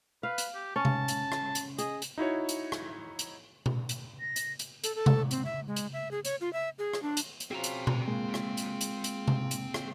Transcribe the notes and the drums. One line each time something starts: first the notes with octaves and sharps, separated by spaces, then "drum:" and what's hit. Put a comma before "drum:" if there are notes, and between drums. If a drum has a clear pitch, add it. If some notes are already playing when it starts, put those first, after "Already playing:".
B4 F5
drum: hi-hat
G4
C#4 A5
drum: tom C3
drum: hi-hat
drum: rim click
drum: hi-hat
G#4 D#5, drum: hi-hat
drum: hi-hat
D#4 E4 F#4 C#5
drum: hi-hat
drum: rim click
drum: hi-hat
drum: tom B2
drum: hi-hat
A#6
drum: hi-hat
drum: hi-hat
A4, drum: hi-hat
A4
drum: tom C3
C4, drum: hi-hat
E5
G#3
drum: hi-hat
E5
G#4
C#5, drum: hi-hat
F4
E5
G#4
drum: rim click
D4
drum: hi-hat
drum: hi-hat
F3 C4 C#4 F4 F#4 G#4 A#5
drum: hi-hat
drum: tom B2
G#3 A#3 F4 G#4
drum: rim click
drum: hi-hat
drum: hi-hat
drum: hi-hat
drum: tom C3
drum: hi-hat
drum: rim click